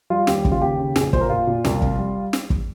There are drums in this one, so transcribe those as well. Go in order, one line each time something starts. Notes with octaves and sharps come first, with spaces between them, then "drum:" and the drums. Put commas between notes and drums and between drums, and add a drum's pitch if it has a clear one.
G3 F4
D#2 G4, drum: snare
C#3, drum: kick
F4
D#2 G4
C#3
A#1 G#4, drum: snare
A#2 C5, drum: kick
A#4
A#2 F4
A#2
C2, drum: snare
C3, drum: kick
G3
drum: snare
drum: kick